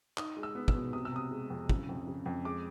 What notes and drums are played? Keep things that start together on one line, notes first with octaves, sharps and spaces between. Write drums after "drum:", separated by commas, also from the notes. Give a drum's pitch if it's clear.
D#4 D#6, drum: clap
G#3
E6
B3
E6, drum: kick
B2
C3 D#6
E6
C3 D#6
G#3
F2
C#3, drum: kick
F2
C#3
F2
G#3 D6